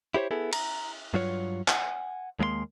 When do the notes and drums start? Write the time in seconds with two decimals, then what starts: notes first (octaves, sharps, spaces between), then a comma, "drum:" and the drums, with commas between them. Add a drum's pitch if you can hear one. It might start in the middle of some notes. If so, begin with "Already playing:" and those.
0.14 E4 G4 C5 C#5
0.31 B3 E4 G#4 A4
0.53 A#5, drum: cymbal
1.14 G2 F#3 F4 C#5
1.68 F#5 G#5, drum: clap
2.39 D#2 G#3 A#3 C#5 C6